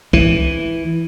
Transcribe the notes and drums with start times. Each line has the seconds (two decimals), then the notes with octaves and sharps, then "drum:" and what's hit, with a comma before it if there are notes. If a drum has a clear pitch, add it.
0.13 E3, drum: kick